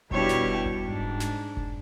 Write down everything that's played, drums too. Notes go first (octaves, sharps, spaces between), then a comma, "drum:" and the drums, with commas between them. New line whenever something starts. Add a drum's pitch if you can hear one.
B2 G3 D4 E4 G4 C#5, drum: kick F1
drum: snare
drum: kick F1
G#2 D4
drum: snare
drum: kick F1